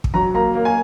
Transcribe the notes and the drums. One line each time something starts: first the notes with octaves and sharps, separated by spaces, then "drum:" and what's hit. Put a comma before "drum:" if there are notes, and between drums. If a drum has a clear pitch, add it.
drum: kick
F#3 A#5
A#3 A#5
A#3
G#5